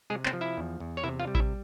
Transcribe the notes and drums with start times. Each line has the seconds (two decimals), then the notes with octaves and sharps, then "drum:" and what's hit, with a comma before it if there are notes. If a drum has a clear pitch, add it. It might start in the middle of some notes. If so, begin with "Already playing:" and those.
0.10 C3 G#3 G#4
0.26 C4 C5, drum: clap
0.33 F3
0.41 E4 E5
0.57 E2
0.80 E2
0.97 C#5
1.03 C3 E4 E5
1.20 F4 F5
1.27 G3
1.35 E4 E5, drum: kick A1